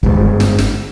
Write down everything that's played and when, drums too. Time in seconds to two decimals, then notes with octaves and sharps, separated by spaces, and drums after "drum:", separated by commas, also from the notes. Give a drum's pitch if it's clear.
0.03 G1 G#2, drum: kick
0.40 drum: snare
0.58 drum: snare